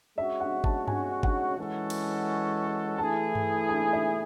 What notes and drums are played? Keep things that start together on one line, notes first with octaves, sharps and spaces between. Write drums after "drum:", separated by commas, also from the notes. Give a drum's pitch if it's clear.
G#3 C#4 F#4 E5
F#5
A5, drum: kick G1
G#5, drum: tom G2
F#5, drum: kick G1
E3 G#3 C#4 F#4 A4
drum: cymbal
E3 A3 E4 G#4 A5
drum: tom G2
G#5
E5